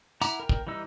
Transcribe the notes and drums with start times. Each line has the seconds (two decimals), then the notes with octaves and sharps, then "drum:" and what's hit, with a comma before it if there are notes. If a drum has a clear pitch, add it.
0.21 E4 F#5 A#5 D6, drum: tambourine
0.40 A#4 G5
0.49 drum: kick
0.67 E3 G3 D#4 E6